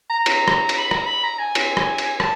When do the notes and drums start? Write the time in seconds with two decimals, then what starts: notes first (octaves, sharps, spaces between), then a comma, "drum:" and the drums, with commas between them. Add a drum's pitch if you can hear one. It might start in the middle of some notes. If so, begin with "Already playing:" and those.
0.10 A#5
0.26 drum: cymbal
0.48 drum: rim click
0.69 drum: cymbal
0.78 B5
0.91 A#5, drum: rim click
1.06 B5
1.24 A#5
1.39 G#5
1.55 drum: cymbal
1.77 drum: rim click
1.98 drum: cymbal
2.20 A5, drum: rim click